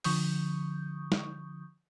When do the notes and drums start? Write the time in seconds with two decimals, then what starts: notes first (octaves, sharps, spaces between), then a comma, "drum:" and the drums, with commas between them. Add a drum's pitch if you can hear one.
0.04 D3 F3 C#6 D#6 G6, drum: open hi-hat
1.12 drum: snare